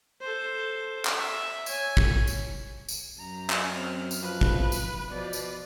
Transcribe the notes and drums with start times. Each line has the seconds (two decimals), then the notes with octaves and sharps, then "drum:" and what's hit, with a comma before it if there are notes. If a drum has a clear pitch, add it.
0.21 A4 C5
1.05 drum: clap
1.18 E5
1.66 C#5 G#5, drum: tambourine
1.97 drum: kick
2.27 drum: tambourine
2.89 drum: tambourine
3.20 F#2 A#5
3.50 drum: clap
3.73 C4 F6
4.11 drum: tambourine
4.22 F3 B4
4.41 drum: kick
4.72 drum: tambourine
5.10 B2 F3 B4 D5
5.33 drum: tambourine